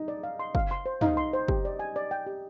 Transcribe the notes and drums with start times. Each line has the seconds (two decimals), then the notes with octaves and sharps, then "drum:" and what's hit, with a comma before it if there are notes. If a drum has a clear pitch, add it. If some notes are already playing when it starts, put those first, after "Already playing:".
Already playing: D#4
0.08 D5
0.23 F5
0.40 C6
0.55 F5, drum: kick
0.71 C6
0.86 C5
1.01 D#4 F5, drum: tom
1.17 C6
1.33 C5
1.48 G4, drum: kick
1.65 D5
1.79 G#5
1.96 D5
2.11 G5
2.26 G4